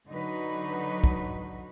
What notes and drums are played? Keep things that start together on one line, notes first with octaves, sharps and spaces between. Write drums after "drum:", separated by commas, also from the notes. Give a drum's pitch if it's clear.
D3 F#3 D#4 F#4 B4
drum: kick